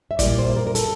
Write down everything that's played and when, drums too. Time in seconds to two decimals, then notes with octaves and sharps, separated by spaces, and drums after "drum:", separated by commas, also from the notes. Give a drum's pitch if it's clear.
0.11 E5
0.19 A#2 G3 A#3 E4 D5, drum: kick, hi-hat
0.38 C5
0.56 A#4
0.67 A#4
0.75 A4, drum: hi-hat